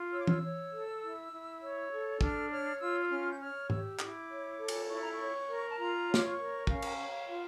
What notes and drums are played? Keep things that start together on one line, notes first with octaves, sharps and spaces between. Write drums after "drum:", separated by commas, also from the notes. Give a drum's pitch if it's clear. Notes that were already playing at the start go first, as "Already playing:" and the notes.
Already playing: F4
C#5 E6
D6
E6, drum: tom E3
C#5
A4
E4
E4
C#5
A4
D4 F6, drum: kick
C#5 F6
F4 E6
E6
C#4 F6
G6
C#5 F6
G4 E6, drum: tom G#2
E4 D6, drum: clap
C#5
A4
drum: cymbal
E4 C#6
A#5
C#6
C#5
A#4
A5
F4 A#5
C#5
D6, drum: snare
C#6
A#4
C#4 F5, drum: kick
drum: cymbal
C#5
F4